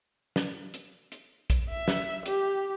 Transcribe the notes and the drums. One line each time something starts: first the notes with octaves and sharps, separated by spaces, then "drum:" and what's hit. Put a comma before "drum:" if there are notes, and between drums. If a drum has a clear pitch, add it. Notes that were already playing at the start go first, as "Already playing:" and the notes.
drum: snare
drum: hi-hat
drum: hi-hat
drum: kick, hi-hat
E5
drum: snare
G4, drum: hi-hat